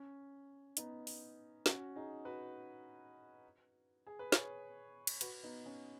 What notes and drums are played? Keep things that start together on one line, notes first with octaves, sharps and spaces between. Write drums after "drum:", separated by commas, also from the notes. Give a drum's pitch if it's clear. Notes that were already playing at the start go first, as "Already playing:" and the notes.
Already playing: C#4
B3 D#4, drum: hi-hat
drum: open hi-hat
C#4 F#4, drum: snare
D#4 G#4
F#4 B4
G#4
B4
G#4 C#5, drum: snare
drum: cymbal
F#4 B4, drum: hi-hat
B3 D#4
C#4